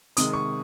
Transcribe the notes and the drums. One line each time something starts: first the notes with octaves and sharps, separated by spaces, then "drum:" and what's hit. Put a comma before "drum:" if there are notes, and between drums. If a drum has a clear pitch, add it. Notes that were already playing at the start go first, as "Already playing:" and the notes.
C3 D#3 G#3 D#6, drum: hi-hat
C#6